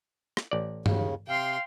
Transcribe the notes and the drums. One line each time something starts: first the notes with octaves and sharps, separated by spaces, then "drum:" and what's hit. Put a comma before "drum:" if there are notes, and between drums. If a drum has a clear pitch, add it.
drum: rim click
A1 D5
D#2 C#3, drum: tom G2
C3 F5 G5 C6